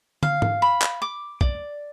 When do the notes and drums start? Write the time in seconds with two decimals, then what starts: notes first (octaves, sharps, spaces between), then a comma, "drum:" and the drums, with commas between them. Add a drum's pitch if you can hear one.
0.23 F5, drum: tom
0.42 drum: tom G#2
0.62 B5
0.82 drum: clap
1.02 D6
1.41 D5, drum: kick